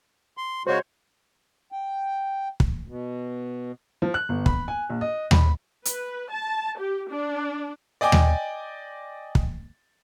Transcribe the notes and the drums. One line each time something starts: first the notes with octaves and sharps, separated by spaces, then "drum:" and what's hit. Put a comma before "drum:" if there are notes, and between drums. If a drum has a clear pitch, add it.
C6
C#3 G#3 F#4 C5 C#5
G5
drum: kick
B2
F3
F#6
G1
B5, drum: kick
G#5
A#1
D#5
B5, drum: tom D#2
B4, drum: hi-hat
A5
G4
D4
D5 D#5 G5 G#5 D6
drum: tom D#2
drum: kick